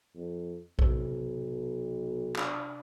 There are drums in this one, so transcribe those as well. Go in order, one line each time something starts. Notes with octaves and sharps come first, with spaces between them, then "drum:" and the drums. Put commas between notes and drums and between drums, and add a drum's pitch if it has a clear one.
F2
B1 C3, drum: kick A#1
D4 D5 F5, drum: clap